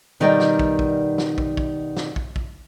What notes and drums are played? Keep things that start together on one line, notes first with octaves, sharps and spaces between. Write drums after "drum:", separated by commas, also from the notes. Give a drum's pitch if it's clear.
B2 D#3 G3 A#4 D5 G5
drum: snare
drum: kick
drum: kick
drum: snare
drum: kick
drum: kick
drum: snare
drum: kick
drum: kick